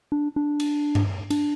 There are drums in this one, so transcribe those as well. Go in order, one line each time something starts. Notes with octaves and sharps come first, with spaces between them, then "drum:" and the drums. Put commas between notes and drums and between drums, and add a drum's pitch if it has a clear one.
D4
D4
drum: cymbal
drum: tom G2
D4, drum: cymbal